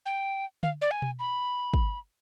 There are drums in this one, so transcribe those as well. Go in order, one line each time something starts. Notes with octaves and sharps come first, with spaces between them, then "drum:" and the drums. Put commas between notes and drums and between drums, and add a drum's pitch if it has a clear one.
G5
F5, drum: tom D3
D5
G#5
drum: tom B2
B5
drum: kick